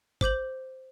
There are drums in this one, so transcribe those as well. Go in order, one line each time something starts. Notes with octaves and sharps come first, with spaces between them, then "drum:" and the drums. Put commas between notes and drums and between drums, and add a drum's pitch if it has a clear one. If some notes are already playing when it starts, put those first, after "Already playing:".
C5 D6 G6 F#7, drum: kick